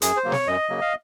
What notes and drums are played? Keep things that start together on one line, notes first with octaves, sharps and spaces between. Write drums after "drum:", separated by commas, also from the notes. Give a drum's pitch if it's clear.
F#2 G#4, drum: hi-hat
C5
C#3 F#3 A#3
C#5, drum: snare
F#2 D#5
C#3 F#3 A#3
F5